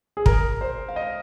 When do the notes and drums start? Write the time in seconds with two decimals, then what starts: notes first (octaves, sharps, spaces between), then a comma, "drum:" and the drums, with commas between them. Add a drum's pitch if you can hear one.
0.17 G#4
0.26 A#4, drum: kick
0.61 C5
0.89 F5
0.96 D#5